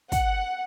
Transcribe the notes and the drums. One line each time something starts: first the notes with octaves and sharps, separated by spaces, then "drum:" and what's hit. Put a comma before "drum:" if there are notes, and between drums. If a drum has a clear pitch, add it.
F#5, drum: kick, hi-hat